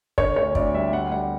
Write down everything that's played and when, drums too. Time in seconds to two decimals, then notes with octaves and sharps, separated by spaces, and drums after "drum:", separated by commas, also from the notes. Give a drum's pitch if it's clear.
0.18 D3 C#5, drum: kick
0.36 D2 C#5
0.55 D2 D5, drum: kick
0.74 G3 E5
0.93 G3 F#5
1.11 G3 F#5